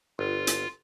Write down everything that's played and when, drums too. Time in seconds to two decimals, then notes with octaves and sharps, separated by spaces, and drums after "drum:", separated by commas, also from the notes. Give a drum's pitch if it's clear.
0.19 G1 F4
0.47 drum: hi-hat